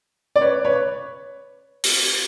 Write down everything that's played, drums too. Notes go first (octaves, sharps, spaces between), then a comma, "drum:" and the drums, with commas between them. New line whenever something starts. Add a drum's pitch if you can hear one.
D5
B4 C#5
B4 C#5
drum: open hi-hat